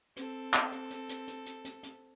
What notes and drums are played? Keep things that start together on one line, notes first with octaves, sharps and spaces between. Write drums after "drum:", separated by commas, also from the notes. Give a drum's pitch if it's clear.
C4 A4, drum: hi-hat
drum: clap
drum: hi-hat
drum: hi-hat
drum: hi-hat
drum: hi-hat
drum: hi-hat
drum: hi-hat
drum: hi-hat